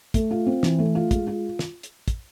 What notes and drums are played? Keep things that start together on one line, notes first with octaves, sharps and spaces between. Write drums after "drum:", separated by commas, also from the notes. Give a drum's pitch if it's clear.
A3, drum: kick, hi-hat
F4
C4
E3, drum: snare
A3
F4
G#3, drum: kick, hi-hat
F4
drum: snare
drum: hi-hat
drum: kick, hi-hat